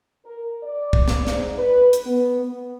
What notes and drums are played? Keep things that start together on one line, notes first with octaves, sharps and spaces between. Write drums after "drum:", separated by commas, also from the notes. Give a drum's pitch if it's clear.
A#4
D5
drum: kick
drum: snare
G#2, drum: snare
B4
drum: hi-hat
B3
B3